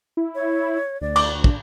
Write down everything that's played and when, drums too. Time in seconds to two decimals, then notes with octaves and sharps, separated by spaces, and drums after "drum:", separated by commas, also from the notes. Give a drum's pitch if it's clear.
0.17 E4
0.35 C#5
1.01 D2 D5
1.16 D6, drum: cymbal
1.44 D4, drum: kick